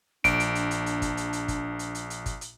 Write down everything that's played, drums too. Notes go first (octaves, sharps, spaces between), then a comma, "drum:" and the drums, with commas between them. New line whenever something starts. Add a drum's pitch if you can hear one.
A#1 D4 D7, drum: kick G1, hi-hat
drum: hi-hat
drum: hi-hat
drum: hi-hat
drum: hi-hat
drum: kick G1, hi-hat
drum: hi-hat
drum: hi-hat
drum: kick G1, hi-hat
drum: hi-hat
drum: hi-hat
drum: hi-hat
drum: kick G1, hi-hat
drum: hi-hat